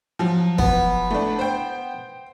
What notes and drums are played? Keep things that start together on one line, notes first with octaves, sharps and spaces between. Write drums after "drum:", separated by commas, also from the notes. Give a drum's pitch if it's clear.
F3 F#3
B3, drum: kick
A3 D4
C5 G5